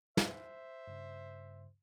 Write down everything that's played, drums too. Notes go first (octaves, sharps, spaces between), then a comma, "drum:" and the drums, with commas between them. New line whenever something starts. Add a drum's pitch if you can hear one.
C5 E5, drum: snare
G2 C#3